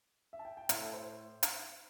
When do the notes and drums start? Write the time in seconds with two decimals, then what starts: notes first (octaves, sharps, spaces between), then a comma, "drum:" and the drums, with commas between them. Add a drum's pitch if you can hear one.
0.33 E5
0.39 A5
0.45 G5
0.57 G5
0.69 A2 A3 E4 E5, drum: hi-hat
0.81 A4
0.93 C5
1.43 drum: hi-hat